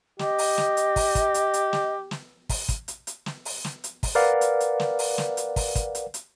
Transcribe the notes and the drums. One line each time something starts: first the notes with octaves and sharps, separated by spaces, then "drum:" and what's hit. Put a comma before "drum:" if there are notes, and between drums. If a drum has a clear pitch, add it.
G4 D#5, drum: snare
drum: open hi-hat
drum: snare
drum: hi-hat
drum: kick, open hi-hat
drum: kick, hi-hat
drum: hi-hat
drum: hi-hat
drum: snare
drum: snare
drum: kick, open hi-hat
drum: kick, hi-hat
drum: hi-hat
drum: hi-hat
drum: snare
drum: open hi-hat
drum: snare
drum: hi-hat
drum: kick, open hi-hat
A#4 B4 D5 F5 F#5
drum: hi-hat
drum: hi-hat
drum: snare
drum: open hi-hat
drum: snare
drum: hi-hat
drum: kick, open hi-hat
drum: kick, hi-hat
drum: hi-hat
drum: hi-hat